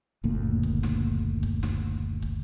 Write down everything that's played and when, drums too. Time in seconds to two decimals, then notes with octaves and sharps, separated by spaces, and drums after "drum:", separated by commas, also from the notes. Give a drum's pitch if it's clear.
0.24 F#1 D2 A#2 A#3
0.63 drum: kick
0.83 drum: snare
1.43 drum: kick
1.63 drum: snare
2.22 drum: kick